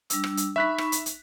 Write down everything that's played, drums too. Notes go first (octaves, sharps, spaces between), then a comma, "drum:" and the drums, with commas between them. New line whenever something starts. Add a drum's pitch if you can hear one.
G3 D4 E6, drum: hi-hat
drum: rim click
drum: hi-hat
D#4 E5 B5 C#6 F#6 B6
drum: rim click
drum: hi-hat
drum: hi-hat